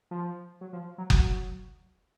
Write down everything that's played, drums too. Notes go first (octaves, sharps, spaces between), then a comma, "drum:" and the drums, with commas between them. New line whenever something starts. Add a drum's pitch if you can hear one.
F3
F#3
F3
F#3
F#3, drum: kick F#1